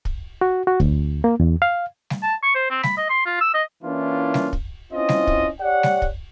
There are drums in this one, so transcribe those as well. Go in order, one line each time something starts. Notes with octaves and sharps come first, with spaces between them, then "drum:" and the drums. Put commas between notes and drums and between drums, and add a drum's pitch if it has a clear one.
drum: kick
F#4
F#4
D2, drum: kick
A#3
E2
F5
drum: snare G3
A5
C#6
C5
C4
B5, drum: snare G3
D#5
C6
F4
E6
D#5
E3 A#3 C#4 D4 E4 F4
drum: snare G3
drum: kick
C4 C#4 E4 F4 D#5
drum: snare G3
drum: kick
G4 C#5 D5 F#5
drum: snare G3
drum: kick